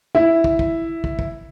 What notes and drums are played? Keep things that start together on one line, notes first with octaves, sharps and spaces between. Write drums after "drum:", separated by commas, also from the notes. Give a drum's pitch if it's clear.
E4
drum: kick
drum: kick
drum: kick
drum: kick